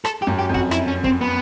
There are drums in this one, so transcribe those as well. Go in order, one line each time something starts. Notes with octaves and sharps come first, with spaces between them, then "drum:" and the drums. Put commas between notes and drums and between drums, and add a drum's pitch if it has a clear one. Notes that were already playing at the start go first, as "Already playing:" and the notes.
A4, drum: rim click
G4
F#2
G4
F2
F#4, drum: kick
E4, drum: rim click
C#4
C4, drum: kick
B3